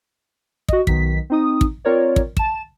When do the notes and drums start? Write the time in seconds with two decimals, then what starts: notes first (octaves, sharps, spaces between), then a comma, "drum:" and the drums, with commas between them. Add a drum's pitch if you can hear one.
0.68 F#4 D#5, drum: kick
0.87 B1 D#3 B6, drum: kick
1.30 C4 D#4 D#6
1.61 drum: kick
1.85 C4 F4 A#4 C#5 D5
2.16 drum: kick
2.37 A5 E7, drum: kick